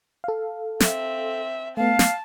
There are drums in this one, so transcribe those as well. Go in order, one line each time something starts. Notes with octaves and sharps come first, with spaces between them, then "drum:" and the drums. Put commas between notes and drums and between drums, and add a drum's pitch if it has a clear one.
A4 F5
C4 E5, drum: snare
A3 B3 F5 A5
drum: snare